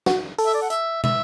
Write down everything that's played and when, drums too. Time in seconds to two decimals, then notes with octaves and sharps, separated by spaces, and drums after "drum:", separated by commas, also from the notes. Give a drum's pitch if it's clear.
0.06 F#4, drum: snare
0.38 A4, drum: open hi-hat
0.46 E5
0.54 D5
0.62 F#5
0.70 E5, drum: hi-hat
1.04 E5, drum: tom